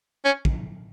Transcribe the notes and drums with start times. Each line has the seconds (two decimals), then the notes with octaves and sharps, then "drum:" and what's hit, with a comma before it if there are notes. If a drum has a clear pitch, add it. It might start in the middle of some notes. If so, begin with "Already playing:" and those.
0.25 C#4
0.45 drum: kick